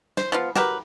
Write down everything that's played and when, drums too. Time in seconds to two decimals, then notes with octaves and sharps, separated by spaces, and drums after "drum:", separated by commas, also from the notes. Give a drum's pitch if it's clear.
0.17 C5, drum: snare
0.32 F3 B3 F4
0.55 F#4 G4 A#4 B4, drum: snare